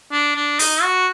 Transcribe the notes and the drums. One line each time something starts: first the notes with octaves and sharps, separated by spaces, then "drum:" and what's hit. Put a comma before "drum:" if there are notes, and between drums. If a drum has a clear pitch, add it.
D4
D4
D#4, drum: open hi-hat
F#4